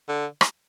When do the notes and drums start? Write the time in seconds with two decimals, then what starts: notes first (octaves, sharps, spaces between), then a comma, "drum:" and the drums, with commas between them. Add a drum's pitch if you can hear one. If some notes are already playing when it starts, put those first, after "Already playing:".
0.09 D3
0.41 drum: rim click